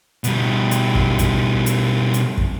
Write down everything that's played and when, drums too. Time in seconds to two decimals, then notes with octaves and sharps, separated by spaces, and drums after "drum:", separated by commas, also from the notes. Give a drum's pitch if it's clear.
0.24 B2 G3, drum: hi-hat
0.71 drum: hi-hat
0.95 drum: kick
1.19 drum: kick, hi-hat
1.66 drum: hi-hat
2.14 drum: hi-hat
2.38 drum: kick